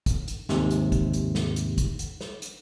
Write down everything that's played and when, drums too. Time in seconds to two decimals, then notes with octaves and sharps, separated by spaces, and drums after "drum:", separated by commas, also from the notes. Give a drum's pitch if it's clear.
0.06 drum: kick, hi-hat
0.28 drum: hi-hat
0.49 D#2 G#2 C3, drum: snare
0.71 drum: hi-hat
0.92 drum: kick, hi-hat
1.13 drum: hi-hat
1.35 drum: snare
1.56 drum: hi-hat
1.78 drum: kick, hi-hat
1.99 drum: hi-hat
2.21 drum: snare
2.42 drum: hi-hat